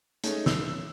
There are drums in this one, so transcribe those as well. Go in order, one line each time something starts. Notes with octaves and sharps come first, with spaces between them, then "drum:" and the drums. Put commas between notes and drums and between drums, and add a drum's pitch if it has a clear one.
G#3 A3 C#4 D#4, drum: hi-hat
E6, drum: snare